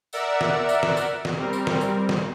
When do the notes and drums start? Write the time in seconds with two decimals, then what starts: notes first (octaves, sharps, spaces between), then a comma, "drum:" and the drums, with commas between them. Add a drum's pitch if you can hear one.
0.13 A#4 D5 E5 F#5 E6, drum: tambourine
0.41 drum: snare
0.69 drum: tambourine
0.83 drum: snare
0.97 drum: tambourine
1.25 drum: snare
1.37 G3 C4 A#4
1.53 drum: tambourine
1.67 drum: snare
1.81 drum: tambourine
2.09 drum: snare